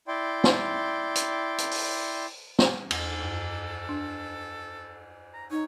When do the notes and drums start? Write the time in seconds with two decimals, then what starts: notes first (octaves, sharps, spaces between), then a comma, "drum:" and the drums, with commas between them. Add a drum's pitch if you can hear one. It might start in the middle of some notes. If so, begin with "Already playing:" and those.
0.08 E4 D5 G5 C6
0.44 drum: snare
1.15 drum: hi-hat
1.58 drum: hi-hat
1.71 drum: open hi-hat
2.59 drum: snare
2.91 E2 A4, drum: cymbal
3.23 F#2
3.89 D4
5.34 A#5
5.51 D#4 C#5